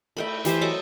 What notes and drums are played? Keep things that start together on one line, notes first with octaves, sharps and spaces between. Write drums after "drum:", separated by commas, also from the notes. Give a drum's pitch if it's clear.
A3 G5 B5, drum: cymbal
E3 G4 C5 G5, drum: hi-hat
F#3 A4 D#5 D6